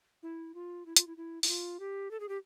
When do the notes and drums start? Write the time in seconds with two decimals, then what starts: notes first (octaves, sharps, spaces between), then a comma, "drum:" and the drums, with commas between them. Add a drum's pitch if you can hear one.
0.23 E4
0.54 F4
0.86 E4
0.96 F4, drum: hi-hat
1.07 E4
1.17 E4
1.43 E4, drum: open hi-hat
1.48 F4
1.80 G4
2.11 A4
2.20 G#4
2.29 G4